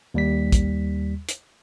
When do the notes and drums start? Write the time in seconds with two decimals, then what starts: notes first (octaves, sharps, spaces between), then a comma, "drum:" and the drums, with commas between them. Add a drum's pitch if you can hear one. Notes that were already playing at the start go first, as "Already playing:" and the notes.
0.14 D#2 G3 B6
0.52 drum: kick, hi-hat
1.29 drum: hi-hat